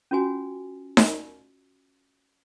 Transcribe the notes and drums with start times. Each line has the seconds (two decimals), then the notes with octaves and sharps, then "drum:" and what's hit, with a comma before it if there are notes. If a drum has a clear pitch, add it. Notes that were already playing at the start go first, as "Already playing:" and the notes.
0.11 C#4 F4 F#4 G#5
0.97 drum: snare D#4